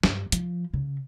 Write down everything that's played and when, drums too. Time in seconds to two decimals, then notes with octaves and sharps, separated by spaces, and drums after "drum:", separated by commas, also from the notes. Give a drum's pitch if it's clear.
0.03 G2, drum: snare
0.32 F3, drum: hi-hat
0.74 C#3